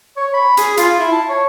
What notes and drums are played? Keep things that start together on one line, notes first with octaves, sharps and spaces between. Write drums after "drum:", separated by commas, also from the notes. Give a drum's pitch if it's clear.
C#5
B5
G#4, drum: hi-hat
F4, drum: hi-hat
E4
A5
C#5